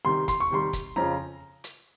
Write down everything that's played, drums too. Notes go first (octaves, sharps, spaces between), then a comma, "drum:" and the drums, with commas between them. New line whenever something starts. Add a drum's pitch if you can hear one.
C3 D#3 G3 C6
C6, drum: kick F#1, hi-hat
C#6
C3 D#3 G3 C6
drum: kick F#1, hi-hat
F2 C#3 F3 A#5
drum: hi-hat